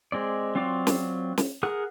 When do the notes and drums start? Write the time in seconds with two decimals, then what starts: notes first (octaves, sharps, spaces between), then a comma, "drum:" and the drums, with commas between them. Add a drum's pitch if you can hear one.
0.12 G#3 C4 D5
0.55 F#3 C4 F4 D5 D6
0.87 drum: snare
1.38 drum: snare
1.63 G#4 A#4 F#5 F#6